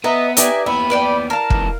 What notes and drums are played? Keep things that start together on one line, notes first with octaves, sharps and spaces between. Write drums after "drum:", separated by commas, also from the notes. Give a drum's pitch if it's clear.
B3 B4 D#5 E5 A#5
D#4 G4 B4 D5 E5 G#5, drum: hi-hat
D#2 B3 E4 E5 B5
B4 D5 G5
A#4 F5 A5
C#2 E3, drum: kick